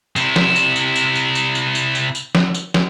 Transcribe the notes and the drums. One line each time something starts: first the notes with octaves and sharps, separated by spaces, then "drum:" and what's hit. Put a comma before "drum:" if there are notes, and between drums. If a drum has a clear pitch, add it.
C3 E4, drum: tambourine
drum: snare
drum: tambourine
drum: tambourine
drum: tambourine
drum: tambourine
drum: tambourine
drum: tambourine
drum: tambourine
drum: tambourine
drum: tambourine
drum: snare
drum: tambourine
drum: snare